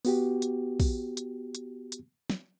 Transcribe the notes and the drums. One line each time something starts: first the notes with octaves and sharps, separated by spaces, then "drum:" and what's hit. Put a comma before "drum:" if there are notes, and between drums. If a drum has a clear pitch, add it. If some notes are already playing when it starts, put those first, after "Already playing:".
B3 F#4 G4, drum: open hi-hat
drum: hi-hat
drum: kick, open hi-hat
drum: hi-hat
drum: hi-hat
drum: hi-hat
drum: snare